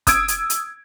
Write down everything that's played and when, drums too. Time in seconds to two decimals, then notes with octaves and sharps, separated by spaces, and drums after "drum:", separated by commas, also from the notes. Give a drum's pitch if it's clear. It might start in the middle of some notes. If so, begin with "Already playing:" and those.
0.07 D#6 E6 G#6 D7, drum: kick, hi-hat
0.28 drum: hi-hat
0.50 drum: hi-hat